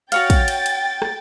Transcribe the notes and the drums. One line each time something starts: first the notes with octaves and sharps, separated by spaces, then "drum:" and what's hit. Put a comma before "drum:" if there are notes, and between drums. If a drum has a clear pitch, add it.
F#4 C#5 F5 G5 A6, drum: cymbal
drum: kick, cymbal
drum: cymbal
drum: cymbal
drum: rim click